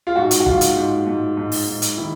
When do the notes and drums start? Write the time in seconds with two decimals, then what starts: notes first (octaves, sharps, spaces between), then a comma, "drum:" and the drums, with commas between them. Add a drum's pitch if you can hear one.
0.07 F4
0.16 G#2 F#4
0.31 drum: hi-hat
0.40 F#4
0.46 G#2 F4, drum: kick
0.61 drum: hi-hat
0.76 G#2
1.06 G#2
1.37 G#2
1.52 drum: open hi-hat
1.67 G#2
1.82 drum: hi-hat
1.97 D#3 E4